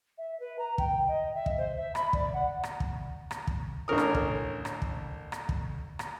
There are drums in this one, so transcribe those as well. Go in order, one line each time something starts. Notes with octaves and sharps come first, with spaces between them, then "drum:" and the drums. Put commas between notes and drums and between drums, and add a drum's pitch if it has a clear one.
E5
B4
A#5
G5, drum: kick
D#5
E5
drum: kick
C5
E5
B5, drum: rim click
D5, drum: kick
F#5
drum: rim click
drum: kick
drum: rim click
drum: kick
A1 D3 C#4 A#4 D#6
drum: rim click
drum: kick
drum: rim click
drum: kick
drum: rim click
drum: kick
drum: rim click